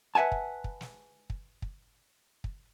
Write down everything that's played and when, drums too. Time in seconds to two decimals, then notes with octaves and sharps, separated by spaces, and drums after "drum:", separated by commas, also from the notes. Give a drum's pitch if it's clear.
0.15 B4 E5 F#5 G#5 A5
0.32 drum: kick
0.64 drum: kick
0.81 drum: snare
1.30 drum: kick
1.62 drum: kick
2.44 drum: kick